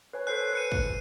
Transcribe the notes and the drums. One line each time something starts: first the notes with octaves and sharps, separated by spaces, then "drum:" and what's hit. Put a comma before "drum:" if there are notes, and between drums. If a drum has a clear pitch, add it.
B4 C#5 G#5
A4 C5 G#5 F#6 C7
B4 F#6 C#7 D#7
drum: kick